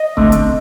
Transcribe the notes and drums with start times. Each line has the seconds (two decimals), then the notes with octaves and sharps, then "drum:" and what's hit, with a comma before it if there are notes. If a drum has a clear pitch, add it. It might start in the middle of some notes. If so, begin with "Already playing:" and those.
Already playing: D#5
0.17 D3 A3 C4, drum: kick C#1
0.32 drum: hi-hat